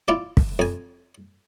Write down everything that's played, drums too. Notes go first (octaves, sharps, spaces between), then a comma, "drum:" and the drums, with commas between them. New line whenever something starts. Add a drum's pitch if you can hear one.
E4 F4 D5
drum: kick
F2 G#5